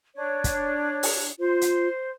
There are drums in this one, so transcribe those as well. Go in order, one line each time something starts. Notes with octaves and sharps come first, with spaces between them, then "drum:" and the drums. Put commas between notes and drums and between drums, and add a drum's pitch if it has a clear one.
D4 C#5
drum: kick, hi-hat
drum: open hi-hat
F4 C5
drum: hi-hat